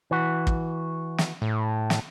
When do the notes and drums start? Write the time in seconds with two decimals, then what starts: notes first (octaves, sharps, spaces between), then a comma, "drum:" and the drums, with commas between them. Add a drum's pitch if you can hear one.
0.11 E3 F#4
0.47 drum: kick
1.18 drum: snare
1.42 A2
1.90 drum: snare